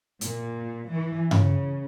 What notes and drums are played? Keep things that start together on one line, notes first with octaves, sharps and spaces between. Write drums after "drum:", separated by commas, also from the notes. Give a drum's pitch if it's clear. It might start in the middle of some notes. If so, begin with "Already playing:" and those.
A#2, drum: hi-hat
E3
C#3, drum: tom G2